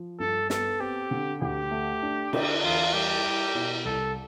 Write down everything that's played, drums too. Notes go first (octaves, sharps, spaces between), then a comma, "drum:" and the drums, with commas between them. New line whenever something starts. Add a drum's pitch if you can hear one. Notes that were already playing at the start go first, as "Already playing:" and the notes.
Already playing: F3
G2 A4
B3 A4, drum: snare
C4 G4
D3
D2 G4
A3
D4
D3, drum: cymbal
E2 F4
G3 G4
E4
B2
C2 A4